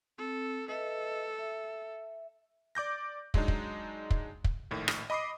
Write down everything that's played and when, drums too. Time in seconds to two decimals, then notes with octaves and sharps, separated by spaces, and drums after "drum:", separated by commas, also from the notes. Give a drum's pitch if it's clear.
0.18 C4 A4
0.68 A4 B4 D#5 E5
1.39 E5
2.75 D5 D6 G6 A#6
3.34 F#3 G#3 D4 D#4, drum: kick
3.48 drum: kick
4.11 drum: kick
4.44 drum: kick
4.71 A#1 A2 D#3
4.88 drum: rim click
5.10 D#5 B5 D6 D#6 C7